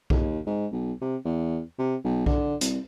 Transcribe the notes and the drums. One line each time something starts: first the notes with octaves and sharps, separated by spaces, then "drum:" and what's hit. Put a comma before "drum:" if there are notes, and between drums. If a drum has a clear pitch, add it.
D#2, drum: kick B1
G#2
B1
C3
E2
C3
B1
D3, drum: kick B1
C2, drum: hi-hat